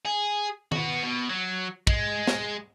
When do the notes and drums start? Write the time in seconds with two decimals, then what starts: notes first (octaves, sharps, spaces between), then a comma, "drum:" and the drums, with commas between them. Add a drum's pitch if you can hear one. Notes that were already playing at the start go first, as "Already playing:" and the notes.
0.06 G#4
0.72 B3 F#4, drum: tom D#3
1.03 B2
1.29 F#3
1.87 G#3, drum: kick
2.27 drum: snare